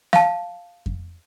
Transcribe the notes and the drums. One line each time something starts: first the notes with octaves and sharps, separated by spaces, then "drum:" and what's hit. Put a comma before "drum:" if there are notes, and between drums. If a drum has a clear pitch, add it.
F5 A5, drum: snare
drum: kick F2